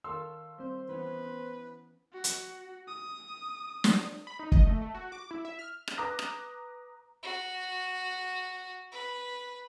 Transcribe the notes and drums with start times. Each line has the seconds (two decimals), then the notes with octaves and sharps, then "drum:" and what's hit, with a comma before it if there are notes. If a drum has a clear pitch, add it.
0.04 D#3 A4 C#5 F5 C6 E6
0.58 G3 C4 C5
0.89 E3 B3 C#4 B4
2.13 F#4
2.24 drum: hi-hat
2.88 D#6
3.84 drum: snare
4.27 B5
4.39 D#4
4.52 D#5, drum: kick
4.66 A3
4.81 A3
4.95 F#4
5.12 D6
5.31 E4
5.45 E5
5.59 F6
5.88 drum: rim click
5.97 B4 A#5 D6 D#6 F#6 A#6
6.19 drum: rim click
7.22 F#4
8.91 B4